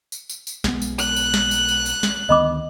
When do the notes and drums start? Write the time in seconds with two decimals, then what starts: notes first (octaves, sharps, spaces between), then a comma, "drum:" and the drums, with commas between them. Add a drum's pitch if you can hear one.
0.12 drum: tambourine
0.30 drum: tambourine
0.47 drum: tambourine
0.64 B1 G#3 B3, drum: snare
0.82 drum: tambourine
0.99 F#6, drum: tambourine
1.16 drum: tambourine
1.34 drum: snare
1.51 drum: tambourine
1.68 drum: tambourine
1.86 drum: tambourine
2.03 drum: snare
2.29 D2 D#3 B3 D#5 B5 D6